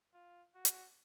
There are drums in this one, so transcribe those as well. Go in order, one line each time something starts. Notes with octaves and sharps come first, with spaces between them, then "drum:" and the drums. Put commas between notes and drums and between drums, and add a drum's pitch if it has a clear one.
F4
F#4
drum: hi-hat